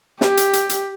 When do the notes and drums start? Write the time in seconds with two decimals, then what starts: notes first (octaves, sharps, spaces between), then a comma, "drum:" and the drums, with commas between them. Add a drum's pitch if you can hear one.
0.21 G4, drum: snare
0.37 drum: hi-hat
0.53 drum: hi-hat
0.69 drum: hi-hat